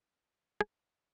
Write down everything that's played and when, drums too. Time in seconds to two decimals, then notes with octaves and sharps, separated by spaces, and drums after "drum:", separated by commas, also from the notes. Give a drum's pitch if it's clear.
0.19 G#3
0.61 C#3, drum: rim click